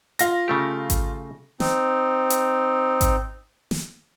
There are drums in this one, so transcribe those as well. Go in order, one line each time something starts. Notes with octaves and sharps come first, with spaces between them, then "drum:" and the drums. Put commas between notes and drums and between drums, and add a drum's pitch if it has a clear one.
F4 A#6, drum: hi-hat
C#3 A3 G4
drum: kick G#1, hi-hat
C4 D#4, drum: snare
drum: hi-hat
drum: kick G#1, hi-hat
drum: snare